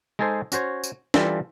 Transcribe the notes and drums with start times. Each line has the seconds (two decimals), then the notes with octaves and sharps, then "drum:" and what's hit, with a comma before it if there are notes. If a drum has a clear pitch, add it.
0.19 G#3 D#4 G#4 A4 C5
0.52 C#4 F#4 C5 C#5, drum: tambourine
0.84 drum: tambourine
1.14 E3 G3 D4 F4 A4 G5, drum: snare